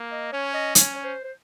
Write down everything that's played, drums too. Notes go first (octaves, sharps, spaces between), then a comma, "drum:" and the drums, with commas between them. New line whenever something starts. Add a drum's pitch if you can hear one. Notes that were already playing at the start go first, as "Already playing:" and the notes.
Already playing: A#3
D#5
C#4 C#5
D#5
C#4 C#5, drum: hi-hat
C#5
C5
C5